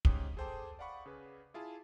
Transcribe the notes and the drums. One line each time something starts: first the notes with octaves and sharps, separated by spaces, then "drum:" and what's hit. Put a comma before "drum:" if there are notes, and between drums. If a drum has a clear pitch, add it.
G#2 C#4 G4 D#6, drum: kick
G#4 A4 C5 G5 A5 D6
D5 F5 F#5 B5 C#6
C#3 G#4 B4
E4 F4 G#4 A5